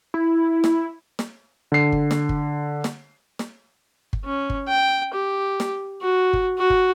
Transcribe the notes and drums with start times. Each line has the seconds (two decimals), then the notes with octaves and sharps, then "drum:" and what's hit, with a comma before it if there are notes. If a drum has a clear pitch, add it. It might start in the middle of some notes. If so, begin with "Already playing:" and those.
0.14 E4
0.64 drum: snare
1.19 drum: snare
1.72 D3 C7
1.92 drum: kick G1
2.11 drum: snare
2.29 drum: kick G1
2.84 drum: snare
3.39 drum: snare
4.13 drum: kick G1
4.25 C#4
4.50 drum: kick G1
4.68 G5
5.14 G4
5.60 drum: snare
6.01 F#4
6.33 drum: kick G1
6.58 F#4
6.70 drum: kick G1